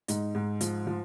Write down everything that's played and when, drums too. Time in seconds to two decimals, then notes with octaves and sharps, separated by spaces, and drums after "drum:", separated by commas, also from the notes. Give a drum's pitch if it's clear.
0.08 G#2 D#4, drum: hi-hat
0.35 G#2
0.61 F3, drum: hi-hat
0.87 F3